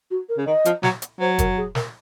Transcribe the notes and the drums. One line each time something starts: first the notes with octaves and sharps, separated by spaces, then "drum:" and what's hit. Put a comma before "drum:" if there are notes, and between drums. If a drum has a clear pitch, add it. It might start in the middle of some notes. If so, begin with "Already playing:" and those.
F#4
A#4
C#3
D#3 D#5
F3, drum: hi-hat
F#3, drum: snare
drum: hi-hat
F#3 C5
A#4, drum: kick, hi-hat
G#4
A#4, drum: snare